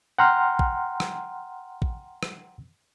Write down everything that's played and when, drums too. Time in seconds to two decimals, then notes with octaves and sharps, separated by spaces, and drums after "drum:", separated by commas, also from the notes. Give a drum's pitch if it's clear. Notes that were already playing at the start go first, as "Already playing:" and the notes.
0.19 F#5 G5 A#5 C6 F6
0.59 drum: kick
1.00 drum: rim click
1.82 drum: kick
2.23 drum: rim click